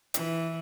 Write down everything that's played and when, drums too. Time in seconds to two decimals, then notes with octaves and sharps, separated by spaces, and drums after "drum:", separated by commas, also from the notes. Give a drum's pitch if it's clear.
0.14 E3, drum: hi-hat